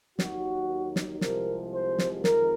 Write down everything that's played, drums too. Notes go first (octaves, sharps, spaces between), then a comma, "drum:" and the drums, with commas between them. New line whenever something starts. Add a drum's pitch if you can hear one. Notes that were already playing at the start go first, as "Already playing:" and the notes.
D#2 D#3 F#3 F#4, drum: snare
drum: snare
C2 C3 F3 G#3 A#4, drum: snare
C5
drum: snare
F2 D#3 G#3 A#4, drum: snare